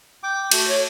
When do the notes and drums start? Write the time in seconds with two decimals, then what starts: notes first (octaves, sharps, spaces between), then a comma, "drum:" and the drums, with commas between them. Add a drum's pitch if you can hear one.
0.23 G5 D6
0.51 A3 F#4, drum: cymbal
0.67 C#5